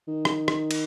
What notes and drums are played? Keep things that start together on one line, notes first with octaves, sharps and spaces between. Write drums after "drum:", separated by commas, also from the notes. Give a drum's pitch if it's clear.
D#3
drum: rim click
drum: rim click
drum: cymbal